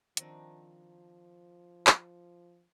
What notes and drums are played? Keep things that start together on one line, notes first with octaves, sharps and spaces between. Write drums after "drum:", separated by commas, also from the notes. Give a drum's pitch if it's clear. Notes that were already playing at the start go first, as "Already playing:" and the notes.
D#3 F3 C4 D4, drum: hi-hat
drum: clap